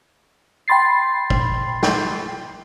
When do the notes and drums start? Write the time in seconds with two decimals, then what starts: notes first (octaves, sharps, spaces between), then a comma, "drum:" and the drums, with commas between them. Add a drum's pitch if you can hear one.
0.68 G5 B5 C6 A6 C7
1.30 drum: kick
1.83 drum: snare